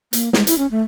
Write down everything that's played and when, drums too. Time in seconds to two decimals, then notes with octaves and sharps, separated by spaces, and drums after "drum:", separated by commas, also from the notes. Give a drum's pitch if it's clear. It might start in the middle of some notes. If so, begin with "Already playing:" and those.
0.13 A#3, drum: hi-hat
0.33 G#3, drum: snare
0.47 E4, drum: hi-hat
0.58 C#4
0.71 A3